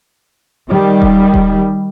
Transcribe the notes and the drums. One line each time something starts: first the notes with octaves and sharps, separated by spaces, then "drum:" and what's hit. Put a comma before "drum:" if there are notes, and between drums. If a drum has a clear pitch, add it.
D#3 G3
drum: kick D#1
drum: kick D#1